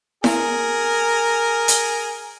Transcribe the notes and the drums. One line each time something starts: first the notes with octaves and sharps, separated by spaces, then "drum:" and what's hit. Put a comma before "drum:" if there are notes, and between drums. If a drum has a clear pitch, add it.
G#4 A#4, drum: snare E4
drum: hi-hat